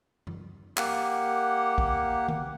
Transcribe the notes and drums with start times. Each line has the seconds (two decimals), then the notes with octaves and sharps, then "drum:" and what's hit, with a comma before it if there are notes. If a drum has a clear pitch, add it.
0.27 drum: tom F#2
0.77 A#3 G4 F#5, drum: clap
1.78 drum: kick
2.28 drum: tom D#3